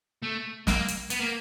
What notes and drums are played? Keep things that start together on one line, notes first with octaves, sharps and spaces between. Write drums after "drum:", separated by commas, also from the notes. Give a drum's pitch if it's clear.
A3
A#3, drum: snare
drum: hi-hat
B3, drum: hi-hat
A#3